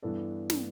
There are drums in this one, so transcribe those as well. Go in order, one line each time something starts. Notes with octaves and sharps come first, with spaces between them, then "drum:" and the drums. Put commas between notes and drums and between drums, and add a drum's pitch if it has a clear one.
G2 E3 B3 D4 A4
drum: snare